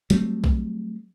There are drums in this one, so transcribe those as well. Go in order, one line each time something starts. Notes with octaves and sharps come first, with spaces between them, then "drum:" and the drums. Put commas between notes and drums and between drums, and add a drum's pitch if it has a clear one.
F#3 G3 A3 C4, drum: hi-hat
drum: kick A#1